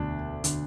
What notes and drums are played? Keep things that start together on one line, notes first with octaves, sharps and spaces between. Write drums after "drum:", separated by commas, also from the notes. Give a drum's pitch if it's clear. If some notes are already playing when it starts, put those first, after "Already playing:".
Already playing: E1 D2 D3 D4
D3, drum: hi-hat